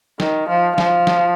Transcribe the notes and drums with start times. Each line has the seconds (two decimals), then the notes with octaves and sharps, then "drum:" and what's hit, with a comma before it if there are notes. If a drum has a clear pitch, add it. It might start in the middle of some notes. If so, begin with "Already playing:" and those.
0.20 D#3, drum: snare
0.49 F3
0.78 F3, drum: snare
1.07 drum: snare